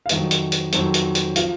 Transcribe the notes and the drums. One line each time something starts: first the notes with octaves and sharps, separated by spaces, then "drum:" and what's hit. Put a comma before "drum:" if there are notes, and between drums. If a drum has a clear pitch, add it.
F5
F2 D#3 F#3 D#5, drum: hi-hat
drum: hi-hat
drum: hi-hat
F2 D#3 F#3, drum: hi-hat
drum: hi-hat
drum: hi-hat
F3 F5, drum: hi-hat